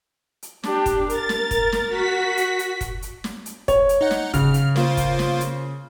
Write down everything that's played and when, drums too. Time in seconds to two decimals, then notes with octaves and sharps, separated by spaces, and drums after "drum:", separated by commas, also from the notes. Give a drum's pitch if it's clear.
0.42 drum: hi-hat
0.63 D4 G4, drum: snare
0.86 drum: kick, hi-hat
1.10 A#4 A6, drum: hi-hat
1.29 drum: snare
1.51 drum: kick, hi-hat
1.72 drum: snare
1.88 F#4 B6
2.37 drum: hi-hat
2.59 drum: hi-hat
2.81 drum: kick, hi-hat
3.02 drum: hi-hat
3.24 drum: snare
3.46 drum: hi-hat
3.68 C#5, drum: kick, hi-hat
3.89 drum: hi-hat
4.01 D#4 F#5
4.11 drum: snare
4.34 C#3 F6, drum: kick, hi-hat
4.54 drum: hi-hat
4.76 A#3 F4 C5, drum: snare
4.97 drum: kick, hi-hat
5.19 drum: snare
5.41 drum: hi-hat